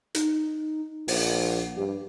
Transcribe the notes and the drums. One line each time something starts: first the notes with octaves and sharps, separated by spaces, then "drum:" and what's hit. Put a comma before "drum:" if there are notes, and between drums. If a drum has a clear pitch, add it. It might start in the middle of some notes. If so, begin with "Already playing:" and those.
D#4, drum: hi-hat
A#1 F#5, drum: open hi-hat
G2 G4